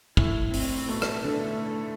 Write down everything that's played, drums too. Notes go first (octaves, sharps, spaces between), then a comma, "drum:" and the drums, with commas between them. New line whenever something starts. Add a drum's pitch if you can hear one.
A2 E4, drum: kick
C4, drum: open hi-hat
B2 A3
drum: rim click
D3